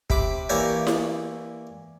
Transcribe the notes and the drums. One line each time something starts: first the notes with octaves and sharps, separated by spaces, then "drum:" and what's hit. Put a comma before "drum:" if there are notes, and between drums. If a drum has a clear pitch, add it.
C3 B5 D6, drum: kick
E3 A#3 D4 G4 C#5 D5
drum: snare E4